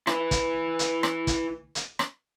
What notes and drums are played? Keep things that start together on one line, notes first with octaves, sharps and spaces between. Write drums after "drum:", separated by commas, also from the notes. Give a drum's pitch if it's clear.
E4 B4, drum: rim click
drum: kick, hi-hat
drum: hi-hat
drum: rim click
drum: kick, hi-hat
drum: hi-hat
drum: rim click